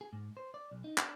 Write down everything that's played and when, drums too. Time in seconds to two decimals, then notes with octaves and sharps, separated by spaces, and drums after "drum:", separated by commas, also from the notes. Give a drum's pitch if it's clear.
0.01 G#4
0.13 G#2
0.37 C5
0.54 D5
0.71 B1
0.84 D#4
0.98 D4, drum: clap